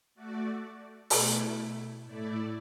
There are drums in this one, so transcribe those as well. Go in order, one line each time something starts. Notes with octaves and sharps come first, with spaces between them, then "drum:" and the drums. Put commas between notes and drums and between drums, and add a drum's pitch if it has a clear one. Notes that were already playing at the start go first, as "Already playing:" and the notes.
A3 F#4 D5
B2 A3 E4, drum: open hi-hat
A2 A3 E4 D5